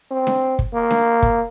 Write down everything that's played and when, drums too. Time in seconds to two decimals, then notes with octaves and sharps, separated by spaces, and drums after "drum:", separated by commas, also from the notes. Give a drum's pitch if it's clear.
0.11 C4
0.27 drum: snare D4
0.59 drum: kick
0.74 A#3
0.91 drum: snare D4
1.22 drum: kick